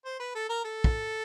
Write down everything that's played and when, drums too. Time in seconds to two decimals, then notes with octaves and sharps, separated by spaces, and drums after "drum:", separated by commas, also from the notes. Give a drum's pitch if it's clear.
0.05 C5
0.20 B4
0.35 A4
0.49 A#4
0.64 A4
0.84 drum: kick